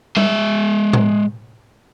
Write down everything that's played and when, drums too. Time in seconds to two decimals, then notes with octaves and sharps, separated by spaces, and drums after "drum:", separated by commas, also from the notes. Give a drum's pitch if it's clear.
0.17 G#3 E5, drum: tom G3
0.93 drum: tom A2